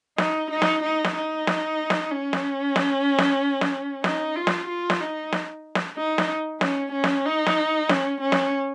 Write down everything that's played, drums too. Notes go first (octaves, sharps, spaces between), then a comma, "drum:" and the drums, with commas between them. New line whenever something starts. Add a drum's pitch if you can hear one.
D#4, drum: snare
D#4
drum: snare
D#4
drum: snare
D#4
drum: snare
drum: snare
C#4
drum: snare
drum: snare
drum: snare
drum: snare
D#4, drum: snare
F4
drum: snare
F4
drum: snare
D#4
drum: snare
drum: snare
D#4
drum: snare
C#4, drum: snare
C#4
drum: snare
D#4
drum: snare
C#4, drum: snare
C#4
drum: snare